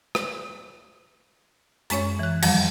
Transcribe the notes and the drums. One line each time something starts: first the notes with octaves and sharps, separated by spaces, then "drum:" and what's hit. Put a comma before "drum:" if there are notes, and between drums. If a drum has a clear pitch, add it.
drum: rim click
F#2 G#3 C#4 C#5, drum: hi-hat
E3 F#6
F2 D#3 F3 G3, drum: cymbal